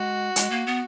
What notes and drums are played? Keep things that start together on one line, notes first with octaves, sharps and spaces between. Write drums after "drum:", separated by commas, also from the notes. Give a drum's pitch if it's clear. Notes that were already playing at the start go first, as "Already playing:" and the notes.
Already playing: G#3 F#4
G#3, drum: hi-hat
A#3
B3